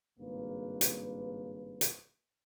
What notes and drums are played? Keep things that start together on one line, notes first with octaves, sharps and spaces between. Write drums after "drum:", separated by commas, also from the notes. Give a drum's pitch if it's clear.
G#1 G2 C#3 A#3 B4
drum: hi-hat
drum: hi-hat